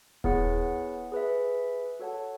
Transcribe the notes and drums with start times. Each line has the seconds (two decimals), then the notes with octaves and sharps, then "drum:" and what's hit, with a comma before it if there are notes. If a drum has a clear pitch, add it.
0.24 B3 E4 G#4 C#5 F#5, drum: kick D#1
1.12 G#4 B4 E5
2.00 F#4 A4 C#5 F#5 A5